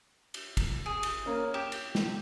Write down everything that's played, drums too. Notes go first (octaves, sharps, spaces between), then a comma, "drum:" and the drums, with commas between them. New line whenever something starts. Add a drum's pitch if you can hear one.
drum: cymbal
drum: kick, cymbal
G#4
drum: cymbal
A#3 C#4
G4 G6 E7
drum: cymbal
drum: snare